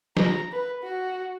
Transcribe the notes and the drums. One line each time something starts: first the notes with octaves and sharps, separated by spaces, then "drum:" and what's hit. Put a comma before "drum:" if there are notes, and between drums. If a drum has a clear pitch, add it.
A#5, drum: snare
B4
F#4